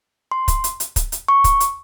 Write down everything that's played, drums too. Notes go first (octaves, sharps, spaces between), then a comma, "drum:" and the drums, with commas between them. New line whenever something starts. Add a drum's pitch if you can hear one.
C6
drum: kick, hi-hat
drum: hi-hat
drum: hi-hat
drum: kick, hi-hat
drum: hi-hat
C#6
drum: kick, hi-hat
drum: hi-hat